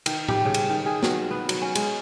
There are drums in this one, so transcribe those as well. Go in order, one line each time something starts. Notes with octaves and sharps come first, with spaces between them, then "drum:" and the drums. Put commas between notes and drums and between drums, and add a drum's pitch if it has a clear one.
D#3, drum: cymbal
G4, drum: tom A2
C#3
drum: cymbal
D#3
G#4
F#3, drum: snare
B3
F#3, drum: cymbal
C#4
G#3, drum: cymbal